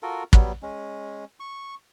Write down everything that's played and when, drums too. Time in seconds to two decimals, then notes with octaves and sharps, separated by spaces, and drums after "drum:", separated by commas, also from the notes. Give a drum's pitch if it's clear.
0.03 F4 F#4 A4 A#4
0.33 F#3 G3 B3, drum: kick
0.62 G#3 C#4
1.40 C#6